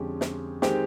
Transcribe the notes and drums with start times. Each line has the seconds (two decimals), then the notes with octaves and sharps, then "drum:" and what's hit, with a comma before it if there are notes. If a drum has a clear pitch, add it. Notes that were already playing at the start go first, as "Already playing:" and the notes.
Already playing: F2 D3 F3 G#3 C#4 G4
0.21 drum: snare
0.62 D#3 G#3 C4 G4, drum: snare